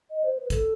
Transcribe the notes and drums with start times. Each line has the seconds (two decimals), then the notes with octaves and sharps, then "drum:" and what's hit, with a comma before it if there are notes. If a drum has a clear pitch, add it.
0.11 D#5
0.24 C5
0.37 B4
0.50 A4, drum: kick, hi-hat